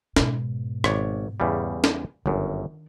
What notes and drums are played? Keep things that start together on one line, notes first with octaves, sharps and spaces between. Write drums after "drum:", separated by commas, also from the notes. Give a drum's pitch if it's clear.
G#2 B2, drum: snare
G#1 C#5 D5, drum: rim click
E2 C#3 G3
drum: snare
G1 F#2 D#3 D4